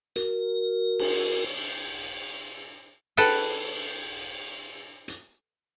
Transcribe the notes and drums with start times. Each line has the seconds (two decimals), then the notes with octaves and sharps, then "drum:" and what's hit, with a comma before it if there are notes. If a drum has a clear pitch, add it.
0.16 F#4 A#4, drum: hi-hat
0.99 drum: cymbal
3.17 A4 B4 F#5 G5, drum: cymbal
5.08 drum: hi-hat